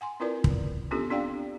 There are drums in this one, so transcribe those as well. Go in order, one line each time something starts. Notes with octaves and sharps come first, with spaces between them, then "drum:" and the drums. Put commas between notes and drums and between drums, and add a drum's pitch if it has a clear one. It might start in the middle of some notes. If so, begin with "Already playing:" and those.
F#5 G#5 C6
C4 E4 F4 A#4 B4 D5
drum: kick
B3 C#4 D4 F4 G4 A4
C4 D4 G4 D5 F5 G5